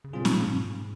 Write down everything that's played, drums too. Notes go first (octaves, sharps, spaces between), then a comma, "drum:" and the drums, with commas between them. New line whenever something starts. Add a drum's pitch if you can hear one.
C#3
B2 D3 G3 C4 F4 G#4
A#2, drum: snare
A2
G#2